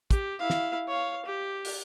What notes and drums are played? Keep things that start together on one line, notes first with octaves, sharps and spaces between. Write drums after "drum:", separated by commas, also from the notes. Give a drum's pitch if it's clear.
G4, drum: kick, hi-hat
E4 F5
drum: snare
C#5 F5
G4
drum: open hi-hat